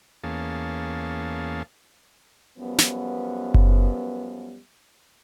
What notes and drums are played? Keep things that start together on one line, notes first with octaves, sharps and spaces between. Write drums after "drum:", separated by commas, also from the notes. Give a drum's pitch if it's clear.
E2 A#3 C#4 G#4 F5 A5
F#2 F3 G3 B3
drum: snare
drum: kick F#1